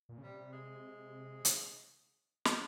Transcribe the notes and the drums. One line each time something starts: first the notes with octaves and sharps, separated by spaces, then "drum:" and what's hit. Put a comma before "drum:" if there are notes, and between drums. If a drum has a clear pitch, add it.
A#2
C#3
C3 G3
G#3
drum: hi-hat
drum: snare